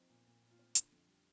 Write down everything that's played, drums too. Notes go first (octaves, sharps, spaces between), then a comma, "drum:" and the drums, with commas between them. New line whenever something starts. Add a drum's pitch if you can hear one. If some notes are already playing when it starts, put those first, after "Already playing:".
Already playing: F3 C4 D#4
A#2
A#2
A#2
F4
C4
D3, drum: hi-hat
F2
G3